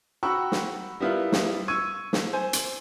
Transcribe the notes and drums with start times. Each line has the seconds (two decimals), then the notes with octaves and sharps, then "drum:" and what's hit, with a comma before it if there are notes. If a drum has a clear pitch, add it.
0.23 F#4 G5 A#5 B5 C#6 E6
0.52 drum: snare
1.00 G3 B3 E4 F4 A#4
1.32 drum: snare
1.68 C#6 E6 G#6 D#7
2.13 drum: snare
2.33 C5 G#5
2.53 drum: hi-hat